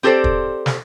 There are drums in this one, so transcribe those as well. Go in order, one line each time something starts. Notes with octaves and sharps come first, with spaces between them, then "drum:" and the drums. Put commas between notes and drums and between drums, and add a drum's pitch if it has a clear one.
C4 G4 A4 B4 C5 D5
drum: kick
drum: snare